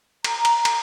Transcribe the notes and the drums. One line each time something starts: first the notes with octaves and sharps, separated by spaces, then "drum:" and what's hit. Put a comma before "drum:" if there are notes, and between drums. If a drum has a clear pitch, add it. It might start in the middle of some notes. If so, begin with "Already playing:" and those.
A#5, drum: cymbal
drum: cymbal
drum: cymbal